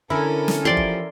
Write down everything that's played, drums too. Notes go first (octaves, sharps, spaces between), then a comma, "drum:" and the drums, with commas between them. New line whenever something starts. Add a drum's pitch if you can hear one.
D3 C#4 E4 A4 A#4 G#5
drum: snare
F3 G4 D5 C6
drum: kick G1